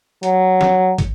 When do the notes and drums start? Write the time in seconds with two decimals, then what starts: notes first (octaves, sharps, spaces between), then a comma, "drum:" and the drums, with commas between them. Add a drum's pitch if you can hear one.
0.23 F#3, drum: hi-hat
0.61 drum: snare
0.98 drum: kick, hi-hat